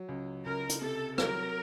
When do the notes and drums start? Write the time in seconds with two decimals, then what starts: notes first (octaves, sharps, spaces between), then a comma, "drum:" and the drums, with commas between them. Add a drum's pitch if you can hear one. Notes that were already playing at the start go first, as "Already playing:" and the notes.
Already playing: F#3
0.09 C#2
0.45 C#2 A#4
0.69 drum: hi-hat
0.82 C3 A4
1.18 F#3 A#4, drum: rim click